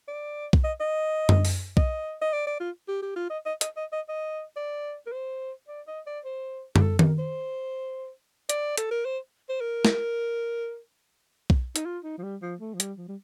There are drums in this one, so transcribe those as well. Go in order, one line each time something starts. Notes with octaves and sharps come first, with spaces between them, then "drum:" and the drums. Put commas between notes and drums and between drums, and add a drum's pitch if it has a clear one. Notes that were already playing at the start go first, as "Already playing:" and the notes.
D5
drum: kick B1
D#5
D#5
drum: tom F#2
drum: open hi-hat
D#5, drum: kick B1
D#5
D5
D5
F4
G4
G4
F4
D#5
D#5
D#5, drum: hi-hat
D#5
D#5
D#5
D5
A#4
C5
D5
D#5
D5
C5
G4, drum: tom F#2
A4
A#4, drum: tom D#3
C5
D5, drum: hi-hat
A4, drum: hi-hat
A#4
C5
C5
A#4
drum: snare
drum: kick B1
D#4, drum: hi-hat
F4
D#4
F3
G3
F3
A3
F3
G3, drum: hi-hat
F3
G3